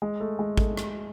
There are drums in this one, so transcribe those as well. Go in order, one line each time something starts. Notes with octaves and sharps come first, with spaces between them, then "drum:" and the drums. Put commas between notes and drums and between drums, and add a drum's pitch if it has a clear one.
G#3
A3
G#3
A3, drum: kick
drum: rim click